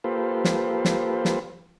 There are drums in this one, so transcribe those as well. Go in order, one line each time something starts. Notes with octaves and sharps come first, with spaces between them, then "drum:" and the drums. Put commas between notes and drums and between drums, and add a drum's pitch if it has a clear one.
A#3 F4 G4 A4 B4 C5
drum: snare
drum: snare
drum: snare